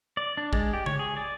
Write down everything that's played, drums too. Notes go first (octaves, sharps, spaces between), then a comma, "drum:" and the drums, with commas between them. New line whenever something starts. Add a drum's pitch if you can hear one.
D5
D4
G#3, drum: kick
G4
C#5, drum: tom C#3
G#4
D5